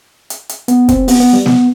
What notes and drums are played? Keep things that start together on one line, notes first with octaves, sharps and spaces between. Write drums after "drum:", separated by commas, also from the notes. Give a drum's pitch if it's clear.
drum: hi-hat
drum: hi-hat
B3, drum: hi-hat
C4, drum: kick, hi-hat
B3, drum: open hi-hat
B3
G3
B3, drum: snare